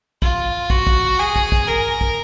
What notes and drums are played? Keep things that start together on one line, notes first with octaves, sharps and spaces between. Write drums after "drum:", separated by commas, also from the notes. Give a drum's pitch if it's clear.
F4, drum: kick
F#4, drum: kick
drum: kick
G#4
drum: kick
drum: kick
A#4
drum: kick